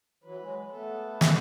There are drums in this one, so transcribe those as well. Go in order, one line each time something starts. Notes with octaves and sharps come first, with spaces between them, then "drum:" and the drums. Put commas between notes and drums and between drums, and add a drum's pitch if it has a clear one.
E3 F#3 B4
F#3 G#3
A3 B3 A4
drum: snare